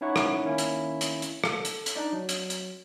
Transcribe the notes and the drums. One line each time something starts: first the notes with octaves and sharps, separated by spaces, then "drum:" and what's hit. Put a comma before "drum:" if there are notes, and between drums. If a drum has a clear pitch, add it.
C#4 D#4 E4 C#5 F#5 C#6
drum: rim click
D#3 A#3 C#4 E4
drum: hi-hat
drum: hi-hat
drum: hi-hat
A4, drum: rim click
drum: hi-hat
drum: hi-hat
D4 D#4 D5
F#3
drum: hi-hat
drum: hi-hat